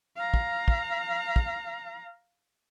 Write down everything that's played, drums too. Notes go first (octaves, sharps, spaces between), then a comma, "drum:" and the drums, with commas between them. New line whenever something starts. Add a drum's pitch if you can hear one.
F5 A#5
drum: kick
drum: kick
drum: kick